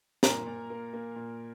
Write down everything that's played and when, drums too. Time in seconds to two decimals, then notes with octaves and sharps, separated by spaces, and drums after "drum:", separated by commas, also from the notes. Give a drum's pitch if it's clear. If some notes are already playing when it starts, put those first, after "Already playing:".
0.23 A#2 A#4 A#5, drum: snare
0.46 A#2
0.70 A#3
0.94 A#3
1.16 A#2